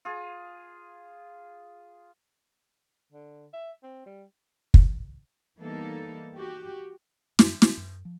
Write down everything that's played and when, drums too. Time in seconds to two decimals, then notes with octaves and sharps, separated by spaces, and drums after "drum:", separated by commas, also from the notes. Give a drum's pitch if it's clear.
0.05 F4 G#4
3.12 D3
3.53 E5
3.83 C4
4.06 G3
4.74 drum: kick
5.59 E3 G3 A#3 B3 D#4 A4
6.34 F#4 G4
7.39 F#2, drum: snare
7.62 B3, drum: snare
7.77 F#2
8.05 F3